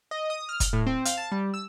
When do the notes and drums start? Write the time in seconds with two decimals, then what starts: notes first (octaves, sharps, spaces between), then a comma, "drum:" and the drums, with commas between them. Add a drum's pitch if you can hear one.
0.11 D#5
0.30 D#6
0.49 F6
0.60 drum: kick, hi-hat
0.73 A2
0.86 C4
1.05 F5, drum: hi-hat
1.17 A5
1.32 G3
1.54 E6